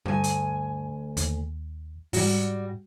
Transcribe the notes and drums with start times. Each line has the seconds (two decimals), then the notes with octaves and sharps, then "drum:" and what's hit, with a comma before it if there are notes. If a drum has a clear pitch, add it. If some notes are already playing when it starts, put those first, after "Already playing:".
0.06 D2 G2 G#5
0.24 drum: hi-hat
1.17 D#2, drum: hi-hat
2.13 G#2 G3 F#4, drum: open hi-hat